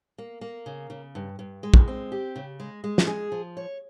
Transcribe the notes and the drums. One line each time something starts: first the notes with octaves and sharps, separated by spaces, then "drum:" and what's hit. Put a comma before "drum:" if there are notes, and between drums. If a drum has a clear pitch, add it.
A#3
A#3
C#3
C#3
G2
G2
G#3
drum: kick
C4
G4
C#3
G#3
G#3
drum: snare
G#4
F3
C#5